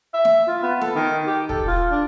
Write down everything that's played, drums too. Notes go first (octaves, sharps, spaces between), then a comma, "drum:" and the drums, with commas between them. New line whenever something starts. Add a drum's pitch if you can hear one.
E5
drum: snare
F4
B3
A4, drum: snare
D#3
G4
A4, drum: kick
F4
D4